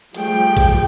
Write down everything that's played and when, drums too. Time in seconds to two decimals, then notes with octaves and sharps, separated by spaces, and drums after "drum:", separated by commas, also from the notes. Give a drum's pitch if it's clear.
0.15 F3 G3 A3 G#4 G5, drum: hi-hat
0.57 drum: kick A#1, hi-hat